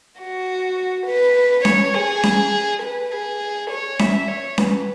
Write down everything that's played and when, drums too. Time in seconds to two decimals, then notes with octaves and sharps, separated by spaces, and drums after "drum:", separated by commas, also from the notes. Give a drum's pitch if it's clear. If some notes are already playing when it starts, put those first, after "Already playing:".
0.19 F#4
1.06 B4
1.65 C#5, drum: snare C#4
1.94 G#4
2.23 drum: snare C#4
2.82 B4
3.11 G#4
3.70 C#5
3.99 E5, drum: snare C#4
4.28 C#5
4.58 B4, drum: snare C#4